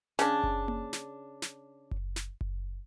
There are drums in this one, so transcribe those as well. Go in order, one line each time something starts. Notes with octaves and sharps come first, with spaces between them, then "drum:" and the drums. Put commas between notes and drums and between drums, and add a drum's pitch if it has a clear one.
C#3 D4, drum: snare
drum: kick F#1
drum: tom A#3
drum: snare
drum: snare
drum: kick F#1
drum: snare
drum: kick F#1